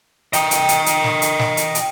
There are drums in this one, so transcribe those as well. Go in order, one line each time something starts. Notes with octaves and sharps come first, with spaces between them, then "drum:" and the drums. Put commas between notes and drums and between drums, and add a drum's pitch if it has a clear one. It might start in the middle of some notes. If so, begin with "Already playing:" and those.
D#5 G5, drum: hi-hat
drum: hi-hat
drum: hi-hat
drum: hi-hat
drum: snare
drum: hi-hat
drum: snare
drum: hi-hat
drum: hi-hat